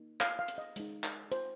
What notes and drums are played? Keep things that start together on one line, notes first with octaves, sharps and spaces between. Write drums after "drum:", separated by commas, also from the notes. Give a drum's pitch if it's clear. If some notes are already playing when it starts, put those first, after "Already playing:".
Already playing: A#3 D#4
F5, drum: clap
F5
drum: hi-hat
D#5
G#3 D#4, drum: hi-hat
drum: clap
C5, drum: hi-hat